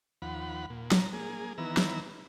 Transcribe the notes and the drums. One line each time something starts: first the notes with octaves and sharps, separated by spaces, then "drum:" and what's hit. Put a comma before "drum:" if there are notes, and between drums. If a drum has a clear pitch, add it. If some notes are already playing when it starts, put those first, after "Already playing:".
D#2 F3 F#5 B5
A#2
A#5, drum: snare
A#3 G#4
D#3 E3 B3 A#5 E6
drum: snare